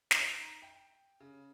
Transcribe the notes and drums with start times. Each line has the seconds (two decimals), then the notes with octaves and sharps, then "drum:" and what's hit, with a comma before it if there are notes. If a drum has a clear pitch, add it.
0.11 D#4, drum: snare
0.40 A#5
0.62 G5
1.20 C#3